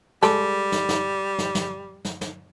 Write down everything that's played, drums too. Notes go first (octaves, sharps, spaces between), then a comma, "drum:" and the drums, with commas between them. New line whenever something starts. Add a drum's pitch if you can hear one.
G3 G#3 A4, drum: snare
drum: snare
drum: snare
drum: snare
drum: snare
drum: snare
drum: snare